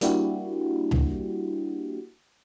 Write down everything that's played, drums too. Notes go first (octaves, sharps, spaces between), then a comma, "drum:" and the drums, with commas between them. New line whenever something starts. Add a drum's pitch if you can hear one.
G3 A#3 D4 E4 F#4 G4, drum: hi-hat
drum: tom C#2